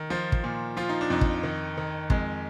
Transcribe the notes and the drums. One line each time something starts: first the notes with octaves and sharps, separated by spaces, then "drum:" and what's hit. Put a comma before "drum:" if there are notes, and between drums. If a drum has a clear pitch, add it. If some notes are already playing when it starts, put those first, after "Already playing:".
Already playing: D#3
F3 F4
drum: kick
A#2
F3 F4
D#4
D4
F2 D#4
drum: kick
D#3
D#3
F2 G#3, drum: kick